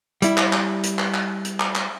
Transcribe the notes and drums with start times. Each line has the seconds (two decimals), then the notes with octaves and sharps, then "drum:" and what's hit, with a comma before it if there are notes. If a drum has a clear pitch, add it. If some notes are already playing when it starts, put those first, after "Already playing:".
0.22 G3 E4, drum: hi-hat
0.37 drum: clap
0.53 drum: clap
0.83 drum: hi-hat
0.99 drum: clap
1.14 drum: clap
1.45 drum: hi-hat
1.60 drum: clap
1.75 drum: clap